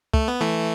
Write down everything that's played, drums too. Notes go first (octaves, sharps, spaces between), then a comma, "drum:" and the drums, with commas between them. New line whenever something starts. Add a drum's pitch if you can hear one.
A3, drum: kick
B3
E3 A3